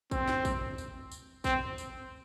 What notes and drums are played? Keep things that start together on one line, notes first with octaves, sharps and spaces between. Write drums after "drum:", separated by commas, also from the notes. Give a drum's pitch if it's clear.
C4, drum: kick, tambourine
drum: snare
drum: kick, tambourine
drum: tambourine
drum: tambourine
C4, drum: kick, tambourine
drum: tambourine